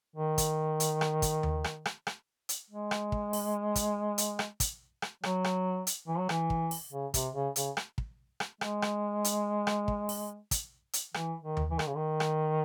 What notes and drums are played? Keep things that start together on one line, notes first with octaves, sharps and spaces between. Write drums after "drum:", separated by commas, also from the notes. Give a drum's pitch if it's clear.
D#3
drum: kick, hi-hat
drum: hi-hat
drum: rim click
drum: kick, hi-hat
drum: tom D#2
drum: rim click
drum: rim click
drum: rim click
drum: hi-hat
G#3
drum: rim click
drum: kick
drum: open hi-hat
drum: kick, hi-hat
drum: hi-hat
drum: rim click
drum: kick, hi-hat
drum: rim click
F#3, drum: rim click
drum: rim click
drum: hi-hat
E3
F#3
E3, drum: rim click
drum: kick
drum: open hi-hat
C#3
C3, drum: kick, hi-hat
C#3
C#3, drum: hi-hat
drum: rim click
drum: kick
drum: rim click
G#3, drum: rim click
drum: rim click
drum: hi-hat
drum: rim click
drum: kick
drum: open hi-hat
drum: kick, hi-hat
drum: hi-hat
E3, drum: rim click
D#3
drum: tom D#2
E3
D#3, drum: rim click
C#3
D#3
drum: rim click